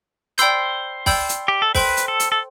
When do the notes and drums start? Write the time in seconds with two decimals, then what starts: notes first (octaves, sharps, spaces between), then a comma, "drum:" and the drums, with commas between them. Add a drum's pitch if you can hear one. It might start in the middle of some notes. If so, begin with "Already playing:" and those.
0.38 C5 D5 G5 B5 E6 G6, drum: hi-hat
1.06 D5 G5 B5 E6 G6, drum: kick, open hi-hat
1.29 drum: hi-hat
1.48 G4
1.62 A4
1.75 A4 B4 C5 G5 C6, drum: kick, open hi-hat
1.97 drum: hi-hat
2.08 A4
2.20 drum: hi-hat
2.32 A4